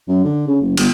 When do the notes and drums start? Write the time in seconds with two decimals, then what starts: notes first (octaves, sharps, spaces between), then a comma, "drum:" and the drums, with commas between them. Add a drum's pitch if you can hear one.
0.08 F#2
0.24 D3
0.48 C#3
0.61 F#1
0.77 G1, drum: cymbal